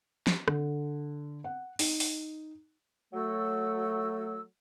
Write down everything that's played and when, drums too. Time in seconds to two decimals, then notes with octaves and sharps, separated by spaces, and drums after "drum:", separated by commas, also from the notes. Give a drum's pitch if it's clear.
0.27 drum: snare
0.48 D3, drum: rim click
1.44 F#5
1.79 D#4, drum: open hi-hat
2.00 drum: open hi-hat
3.14 F#3 A3 A4 E6